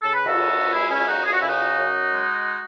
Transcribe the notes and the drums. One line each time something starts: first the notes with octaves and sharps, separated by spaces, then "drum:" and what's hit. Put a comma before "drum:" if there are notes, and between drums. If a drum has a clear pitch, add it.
C#3 A4
B4
F#4 A4, drum: cymbal
F#2
G#3 E4 G#4
C#4 E4
F#2 D#4 F#4
G#4
F#4
C#3 E4
D#4 F#4
F#2
G#3